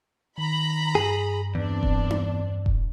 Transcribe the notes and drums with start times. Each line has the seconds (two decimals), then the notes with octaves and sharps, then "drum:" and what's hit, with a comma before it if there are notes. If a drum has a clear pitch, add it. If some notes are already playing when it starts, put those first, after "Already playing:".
0.38 D#3 A#5 B5
0.95 G2 G#4
1.55 E2 C4 D4
1.83 drum: kick E1
2.10 drum: tom D4
2.66 drum: kick E1